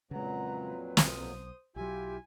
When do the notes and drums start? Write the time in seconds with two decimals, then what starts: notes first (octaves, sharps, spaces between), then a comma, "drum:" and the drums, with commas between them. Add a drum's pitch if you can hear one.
0.11 F2 A#2 C#3 F#3 G#3 B4 F#5 A#5
0.97 B1 C5 D#6, drum: snare
1.76 B1 F#3 E4 F4 G4 E5 G#5